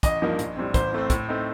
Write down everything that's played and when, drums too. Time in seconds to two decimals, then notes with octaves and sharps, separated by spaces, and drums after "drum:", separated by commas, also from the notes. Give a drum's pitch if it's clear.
0.03 A1 D#5, drum: kick, hi-hat
0.22 G2 F3 A#3 D#4
0.39 A#1, drum: hi-hat
0.57 A2 G3 C4
0.74 A1 C5, drum: kick, hi-hat
0.93 A2 A3 C4
1.10 A2, drum: kick, hi-hat
1.28 A3 C4 D#4